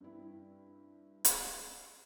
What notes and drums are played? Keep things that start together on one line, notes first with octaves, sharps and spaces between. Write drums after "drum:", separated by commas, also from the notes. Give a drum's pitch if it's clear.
G2 C4 E4
drum: hi-hat